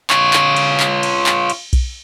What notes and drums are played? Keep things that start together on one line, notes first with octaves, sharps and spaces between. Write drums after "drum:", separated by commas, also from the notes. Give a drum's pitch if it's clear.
F4 C#5, drum: clap
drum: clap
drum: cymbal
drum: clap
drum: cymbal
drum: clap
drum: cymbal
drum: kick B1, cymbal